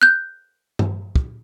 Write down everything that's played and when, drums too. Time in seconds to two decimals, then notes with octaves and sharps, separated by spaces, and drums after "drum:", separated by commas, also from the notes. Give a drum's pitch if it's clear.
0.02 F#6 G6
0.79 drum: tom G2
1.16 drum: kick